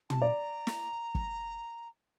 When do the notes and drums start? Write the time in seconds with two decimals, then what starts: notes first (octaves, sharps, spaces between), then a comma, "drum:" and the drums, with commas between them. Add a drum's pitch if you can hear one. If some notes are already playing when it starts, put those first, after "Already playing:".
0.10 A5, drum: tom
0.21 D5 A#5
0.67 drum: snare
1.15 drum: kick